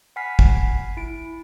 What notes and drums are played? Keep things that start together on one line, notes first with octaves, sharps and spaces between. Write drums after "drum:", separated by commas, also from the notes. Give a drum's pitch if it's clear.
F#5 G#5 B5 F6 B6 C7
drum: kick
E4 D7